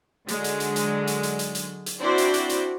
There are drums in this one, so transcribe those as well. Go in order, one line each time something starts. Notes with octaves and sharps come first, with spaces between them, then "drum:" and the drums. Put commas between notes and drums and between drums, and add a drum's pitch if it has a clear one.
D3 F#3 G#3, drum: hi-hat
drum: hi-hat
drum: hi-hat
drum: hi-hat
drum: hi-hat
drum: hi-hat
drum: hi-hat
drum: hi-hat
drum: hi-hat
C4 D4 E4 F#4 C5 D5
drum: hi-hat
drum: hi-hat
drum: hi-hat